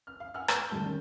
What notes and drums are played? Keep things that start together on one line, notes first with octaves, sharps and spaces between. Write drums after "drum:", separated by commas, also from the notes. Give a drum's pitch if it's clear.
F6
F5
F#5 G#5 E6 F6
C#6 E6 G6, drum: rim click
E1 D3 G3 A3 A5 G7
D#3 C#4